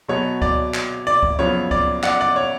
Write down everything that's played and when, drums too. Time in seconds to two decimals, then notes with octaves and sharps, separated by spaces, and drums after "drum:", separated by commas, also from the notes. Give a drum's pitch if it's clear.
0.09 B2 F#3 B3 C#5
0.42 D5, drum: kick C#2
0.74 drum: clap
1.07 D5
1.23 drum: kick C#2
1.39 F#2 C#3 F3 B3 C#5
1.71 D5, drum: kick C#2
2.03 D5 F#5, drum: clap
2.21 D5
2.36 C#5